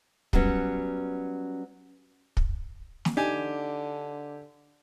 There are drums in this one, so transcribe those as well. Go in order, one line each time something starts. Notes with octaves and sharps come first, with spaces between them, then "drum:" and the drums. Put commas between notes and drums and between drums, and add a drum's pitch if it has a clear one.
F#3 G3 B3 C#4, drum: kick
drum: kick
drum: snare
D3 D4 D#4 G4 G#5